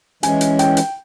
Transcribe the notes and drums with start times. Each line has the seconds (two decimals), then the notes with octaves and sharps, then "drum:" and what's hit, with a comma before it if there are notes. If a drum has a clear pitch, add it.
0.23 E3 G#3 C#4 G#5, drum: hi-hat
0.41 drum: hi-hat
0.59 G5, drum: hi-hat
0.77 drum: hi-hat